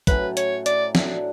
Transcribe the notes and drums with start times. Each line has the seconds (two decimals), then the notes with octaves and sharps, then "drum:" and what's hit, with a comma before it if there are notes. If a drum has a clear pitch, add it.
0.07 A2 F#3 C#4 B4, drum: kick, hi-hat
0.37 C#5, drum: hi-hat
0.66 D5, drum: hi-hat
0.95 A3 D4 F#4, drum: snare